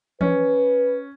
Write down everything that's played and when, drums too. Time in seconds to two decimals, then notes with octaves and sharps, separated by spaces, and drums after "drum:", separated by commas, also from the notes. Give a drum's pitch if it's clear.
0.21 C#4 B4, drum: tom E3